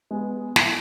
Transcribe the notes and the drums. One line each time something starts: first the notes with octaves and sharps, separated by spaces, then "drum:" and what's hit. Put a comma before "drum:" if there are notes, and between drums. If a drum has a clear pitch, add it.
G#3 B3
A2, drum: snare